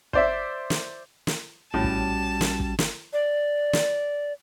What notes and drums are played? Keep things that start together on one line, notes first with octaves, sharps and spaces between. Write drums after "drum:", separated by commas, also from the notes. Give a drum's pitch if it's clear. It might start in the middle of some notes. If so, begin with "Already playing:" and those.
C5 D5 E5, drum: kick
drum: snare
drum: snare
A#1 A2 G3 C#4 F#4 A5
drum: kick
drum: snare
drum: kick
drum: snare
D5
drum: snare